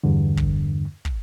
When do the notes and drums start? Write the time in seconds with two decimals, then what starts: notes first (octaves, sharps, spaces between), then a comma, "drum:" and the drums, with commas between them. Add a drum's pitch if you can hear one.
0.04 E2 G2 D3
0.37 drum: kick
1.05 drum: kick